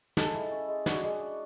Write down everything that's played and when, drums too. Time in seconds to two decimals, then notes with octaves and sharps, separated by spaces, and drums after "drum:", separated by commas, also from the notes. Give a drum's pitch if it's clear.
0.17 G#3 A4, drum: snare
0.34 E4
0.51 C#4
0.68 G#3
0.86 D4 F#4, drum: snare
1.04 G#3
1.20 D4